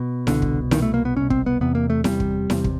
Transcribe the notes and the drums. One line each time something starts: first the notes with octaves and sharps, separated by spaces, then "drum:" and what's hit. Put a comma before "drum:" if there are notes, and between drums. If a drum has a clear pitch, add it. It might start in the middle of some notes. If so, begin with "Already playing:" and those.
Already playing: B2
C2 B2 D3, drum: snare E4
drum: kick
C2 B2 D#3, drum: snare E4
A3
A#3
B3
C2 B2 C#4
C4, drum: kick
B3
E2 C3 B3
A#3
A3
E2 C3 G3, drum: snare E4
drum: kick
E2 C3, drum: snare E4
drum: kick